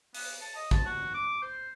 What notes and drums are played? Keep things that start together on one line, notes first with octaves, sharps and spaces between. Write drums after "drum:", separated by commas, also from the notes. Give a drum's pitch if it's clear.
B3, drum: open hi-hat
A5
D#5
A5, drum: kick
F#4
D6
C5